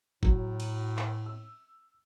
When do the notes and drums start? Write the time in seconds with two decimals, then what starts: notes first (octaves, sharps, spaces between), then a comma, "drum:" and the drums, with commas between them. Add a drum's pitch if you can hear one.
0.23 A2 F#3, drum: kick F#1
0.60 drum: cymbal
0.97 drum: clap
1.26 E6